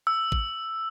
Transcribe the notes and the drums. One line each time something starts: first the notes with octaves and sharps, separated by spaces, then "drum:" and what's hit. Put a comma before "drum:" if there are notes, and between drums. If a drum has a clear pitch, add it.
E6
drum: kick A1